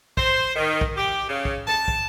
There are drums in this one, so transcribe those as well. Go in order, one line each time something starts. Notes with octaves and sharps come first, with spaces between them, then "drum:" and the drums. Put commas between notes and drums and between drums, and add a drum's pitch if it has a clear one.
C5, drum: kick
D#3
drum: kick
G4
C#3
drum: kick
A5, drum: rim click
drum: kick